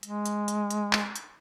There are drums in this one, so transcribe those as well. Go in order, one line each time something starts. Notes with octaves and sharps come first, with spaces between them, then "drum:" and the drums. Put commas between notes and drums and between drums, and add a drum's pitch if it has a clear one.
G#3, drum: hi-hat
drum: hi-hat
drum: hi-hat
drum: hi-hat
drum: clap
drum: hi-hat